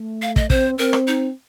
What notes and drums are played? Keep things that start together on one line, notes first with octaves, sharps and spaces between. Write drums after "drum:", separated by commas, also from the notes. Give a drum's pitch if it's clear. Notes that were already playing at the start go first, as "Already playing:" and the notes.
Already playing: A3
F5
D#5, drum: kick
C4 C5, drum: kick
C4 A#4
drum: rim click
D#4